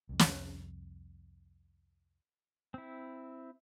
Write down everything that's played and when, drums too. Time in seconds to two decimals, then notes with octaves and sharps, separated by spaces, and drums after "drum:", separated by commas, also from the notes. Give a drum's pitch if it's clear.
0.09 C2 F2
0.19 drum: snare
2.74 C4 E4